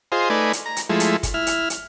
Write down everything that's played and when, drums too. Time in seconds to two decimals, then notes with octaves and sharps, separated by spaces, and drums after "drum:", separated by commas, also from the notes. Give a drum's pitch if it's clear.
0.12 F4 G#4 C5 D#5
0.30 A3 D#4 B4 D5 G#5
0.53 drum: hi-hat
0.66 A#5
0.76 drum: hi-hat
0.90 F3 G#3 A3 E4
1.00 drum: hi-hat
1.23 drum: kick, hi-hat
1.34 E4 F6
1.47 drum: hi-hat
1.70 drum: hi-hat